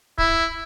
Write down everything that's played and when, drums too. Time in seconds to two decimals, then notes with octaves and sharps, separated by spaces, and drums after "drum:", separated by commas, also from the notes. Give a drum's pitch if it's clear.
0.18 E4, drum: kick